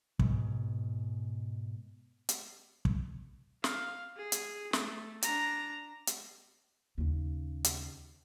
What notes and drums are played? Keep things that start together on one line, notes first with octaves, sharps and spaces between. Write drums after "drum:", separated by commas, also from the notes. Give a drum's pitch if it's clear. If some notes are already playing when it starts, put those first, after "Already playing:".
G#2 B2, drum: kick
drum: hi-hat
drum: kick
F5, drum: snare
G#4
drum: hi-hat
A3, drum: snare
D4 A#5, drum: hi-hat
drum: hi-hat
D#2 C#3
drum: hi-hat